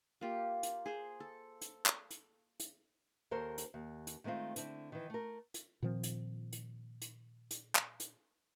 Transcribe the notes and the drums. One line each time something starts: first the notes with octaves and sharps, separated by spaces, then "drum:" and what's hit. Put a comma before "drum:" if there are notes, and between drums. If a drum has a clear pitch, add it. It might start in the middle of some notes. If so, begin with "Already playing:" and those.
A#3 F4 G4
drum: hi-hat
G#4 C5
A4
drum: hi-hat
drum: clap
drum: hi-hat
drum: hi-hat
D#2 A4 A#4 C5 C#5
drum: hi-hat
D#2
drum: hi-hat
D#3 G#3 A3 C4 F4
D3 C4 E4, drum: hi-hat
D#3 E3
A3 A#4
drum: hi-hat
A#2 D#3 F3 C4
drum: hi-hat
drum: hi-hat
drum: hi-hat
drum: hi-hat
drum: clap
drum: hi-hat